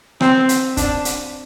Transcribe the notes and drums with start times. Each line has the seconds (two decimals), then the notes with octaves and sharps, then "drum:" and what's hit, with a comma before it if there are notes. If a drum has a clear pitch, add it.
0.21 C4, drum: rim click
0.49 drum: hi-hat
0.77 D4, drum: kick, hi-hat
1.05 drum: hi-hat